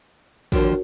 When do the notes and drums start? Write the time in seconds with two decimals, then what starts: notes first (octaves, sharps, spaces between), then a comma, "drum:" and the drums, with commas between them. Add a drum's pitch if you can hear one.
0.52 D#2 D3 F3 F#4 A#4 C#5, drum: kick